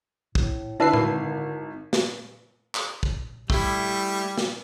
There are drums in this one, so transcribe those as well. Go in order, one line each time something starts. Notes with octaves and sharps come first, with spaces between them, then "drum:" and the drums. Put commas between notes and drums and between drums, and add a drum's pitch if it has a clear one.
A2, drum: kick
D3 D4 E4 B4 E5 A5 E6 C7
G#1, drum: tom A2
drum: snare
drum: clap
drum: kick
G3 A3 E4, drum: kick
drum: snare